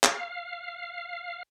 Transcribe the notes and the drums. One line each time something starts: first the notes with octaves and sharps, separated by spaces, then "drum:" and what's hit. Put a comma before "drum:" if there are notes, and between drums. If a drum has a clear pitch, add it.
F5, drum: clap